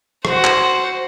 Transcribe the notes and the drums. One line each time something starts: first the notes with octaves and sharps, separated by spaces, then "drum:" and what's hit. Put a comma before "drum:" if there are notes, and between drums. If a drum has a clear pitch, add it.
F#4 C5, drum: rim click
drum: clap